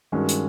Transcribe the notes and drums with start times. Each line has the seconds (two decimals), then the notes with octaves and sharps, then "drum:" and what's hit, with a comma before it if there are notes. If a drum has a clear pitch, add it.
0.12 G2 D#3 G#3 C#4 F#4
0.29 drum: hi-hat